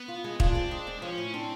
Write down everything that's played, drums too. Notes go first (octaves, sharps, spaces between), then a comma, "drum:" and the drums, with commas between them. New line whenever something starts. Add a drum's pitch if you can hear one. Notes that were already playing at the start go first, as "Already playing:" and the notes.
Already playing: B3
F4
G#3
D4 F4, drum: kick
C4
G#3
C4
F3 C#4
A2
C4 D4